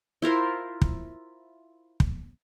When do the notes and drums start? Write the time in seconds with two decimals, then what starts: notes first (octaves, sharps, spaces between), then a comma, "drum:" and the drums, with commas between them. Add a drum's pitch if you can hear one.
0.22 E4 F4 A#4 C5
0.82 drum: kick
2.00 drum: kick